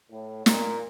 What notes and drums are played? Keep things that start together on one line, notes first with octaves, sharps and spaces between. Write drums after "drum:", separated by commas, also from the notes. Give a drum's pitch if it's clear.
A2
A#2, drum: snare